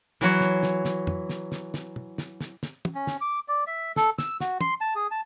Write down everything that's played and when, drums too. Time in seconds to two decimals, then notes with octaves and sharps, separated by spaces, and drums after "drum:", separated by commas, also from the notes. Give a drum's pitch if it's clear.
0.21 E3 F#3 F#4
0.41 drum: snare
0.63 drum: snare
0.85 drum: snare
1.07 drum: tom
1.29 drum: snare
1.52 drum: snare
1.74 drum: snare
1.96 drum: tom
2.18 drum: snare
2.41 drum: snare
2.63 drum: snare
2.85 drum: tom
2.95 C#4
3.07 drum: snare
3.21 D6
3.48 D5
3.67 E5
3.96 A4, drum: snare
4.18 E6, drum: snare
4.40 F#4, drum: snare
4.61 C6, drum: tom
4.81 A5
4.95 G#4
5.11 A5